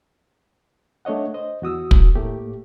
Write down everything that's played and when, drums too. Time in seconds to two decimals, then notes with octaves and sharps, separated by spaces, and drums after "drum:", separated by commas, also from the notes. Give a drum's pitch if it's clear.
1.05 A3 D4 C#5 D#5 F#5
1.34 C5 D#5
1.62 E2 F#4 D#6 E6
1.91 drum: kick
2.15 A2 A3 A#3 G4